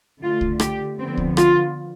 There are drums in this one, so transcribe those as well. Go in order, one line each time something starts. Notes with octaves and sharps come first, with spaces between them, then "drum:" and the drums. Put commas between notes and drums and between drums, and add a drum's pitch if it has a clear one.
D3 A3 F4
drum: kick C2
G4, drum: rim click
D3 F3 B3 C4
drum: kick C2
F4, drum: rim click